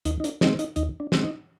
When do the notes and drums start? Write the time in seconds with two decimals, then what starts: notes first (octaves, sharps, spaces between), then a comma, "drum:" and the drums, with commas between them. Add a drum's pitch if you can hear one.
0.05 D#2 D#4, drum: hi-hat
0.20 D#4
0.24 D4, drum: hi-hat
0.41 D#3 G#3 C4 D#4, drum: snare
0.59 D#4, drum: hi-hat
0.76 D#2 D#4, drum: hi-hat
1.00 D4
1.12 D#3 G#3 C4, drum: snare
1.24 D#4